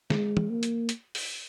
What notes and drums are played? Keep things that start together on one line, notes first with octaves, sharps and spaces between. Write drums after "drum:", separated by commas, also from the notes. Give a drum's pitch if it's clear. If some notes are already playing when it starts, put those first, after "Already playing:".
G#3, drum: snare
drum: tom
A#3
drum: hi-hat
drum: hi-hat
drum: open hi-hat